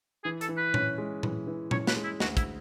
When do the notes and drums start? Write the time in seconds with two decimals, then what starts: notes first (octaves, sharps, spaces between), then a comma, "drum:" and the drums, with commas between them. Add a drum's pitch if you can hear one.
0.24 E3 G#4
0.41 A4, drum: hi-hat
0.49 E3
0.57 B4
0.74 C#4, drum: tom A#2
0.98 G#3
1.23 E3, drum: tom A#2
1.47 E3
1.71 C#4 C#5, drum: tom A#2
1.87 B4, drum: snare
1.96 G#3
2.04 E4
2.20 D2 F#4, drum: snare
2.37 E4, drum: kick, hi-hat